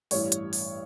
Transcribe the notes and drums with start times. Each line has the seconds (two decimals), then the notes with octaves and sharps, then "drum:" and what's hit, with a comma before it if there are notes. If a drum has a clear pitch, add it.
0.11 A1 G2 E3 C#5, drum: open hi-hat
0.32 drum: hi-hat
0.53 drum: open hi-hat